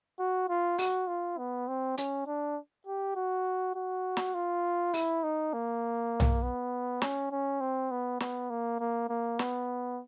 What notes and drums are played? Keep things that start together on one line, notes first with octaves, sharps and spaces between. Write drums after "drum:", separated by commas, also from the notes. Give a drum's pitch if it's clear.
F#4
F4
F#4, drum: open hi-hat
F4
B3
C4
C#4, drum: hi-hat
D4
G4
F#4
F#4
drum: snare
F4
E4, drum: open hi-hat
D#4
A#3
drum: tom B1
B3
C#4, drum: snare
C#4
C4
B3
B3, drum: snare
A#3
A#3
A#3
B3, drum: snare